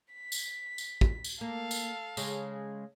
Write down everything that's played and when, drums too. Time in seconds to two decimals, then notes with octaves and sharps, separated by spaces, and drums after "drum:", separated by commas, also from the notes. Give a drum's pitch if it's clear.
0.13 B6
0.32 drum: tambourine
0.78 drum: tambourine
1.01 drum: kick
1.25 drum: tambourine
1.41 A#3 A4 F5
1.71 drum: tambourine
2.17 C#3 G#3, drum: tambourine